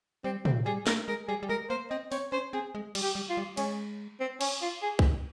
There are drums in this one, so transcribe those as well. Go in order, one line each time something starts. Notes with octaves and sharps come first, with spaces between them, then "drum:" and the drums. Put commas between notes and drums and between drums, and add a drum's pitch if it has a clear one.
G3 C4
C4, drum: tom
G3 G#4
A#4, drum: snare
G#3 A#4
G3 G#4
G3
G#3 A#4
A#3 C5
C4 D#5
C4 C#5, drum: open hi-hat
C#4 C5
C4 G#4
G#3
G3, drum: cymbal
G4
G3
F4
G3
G#3 C#4, drum: cymbal
C4
C#4, drum: cymbal
F4
G#4
drum: kick B1